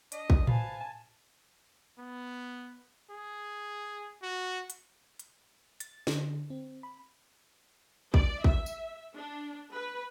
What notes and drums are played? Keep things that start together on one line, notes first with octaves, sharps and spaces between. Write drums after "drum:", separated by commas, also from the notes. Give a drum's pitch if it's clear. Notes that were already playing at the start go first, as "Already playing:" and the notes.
D4 D#5, drum: hi-hat
drum: kick
B4 C5 F5 G#5 A5, drum: tom A2
B3
G#4
F#4
drum: hi-hat
drum: hi-hat
A6, drum: hi-hat
D3, drum: snare
C4
B5
D5, drum: kick
E5, drum: kick
drum: tambourine
D4
B4